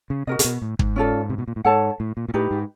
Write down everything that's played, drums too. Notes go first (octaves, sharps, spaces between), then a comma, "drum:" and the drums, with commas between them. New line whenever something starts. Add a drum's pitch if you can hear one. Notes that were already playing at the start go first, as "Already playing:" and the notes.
C#3
C3 F#4 A#4 D#5
C3, drum: hi-hat
B2
A2
G#2, drum: kick
C#4 F4 A4 D5
C3
B2
A#2
A2
G#2 A4 C#5 F#5 A5
A2
A#2
A#2
A2 D#4 G4 B4
G#2